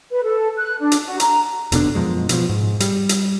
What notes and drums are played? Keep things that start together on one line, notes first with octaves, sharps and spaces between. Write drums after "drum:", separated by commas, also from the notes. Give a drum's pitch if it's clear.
B4
A4
F#6
D4
drum: hi-hat
F#4
A#5, drum: hi-hat
F1 B2 D3 D4, drum: hi-hat
F#2 B2 F3 G#3
B2 F3, drum: hi-hat
G#2
G3, drum: hi-hat
drum: hi-hat